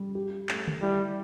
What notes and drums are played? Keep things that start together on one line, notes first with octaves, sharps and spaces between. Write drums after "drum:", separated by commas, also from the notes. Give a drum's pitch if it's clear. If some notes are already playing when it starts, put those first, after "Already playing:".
Already playing: G3
G4
A3, drum: clap
drum: tom D3
G3 E4